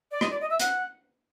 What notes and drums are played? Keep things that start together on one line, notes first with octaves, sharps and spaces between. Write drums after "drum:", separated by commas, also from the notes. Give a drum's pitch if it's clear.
D5
D#5, drum: rim click
D5
D#5
E5
F#5, drum: hi-hat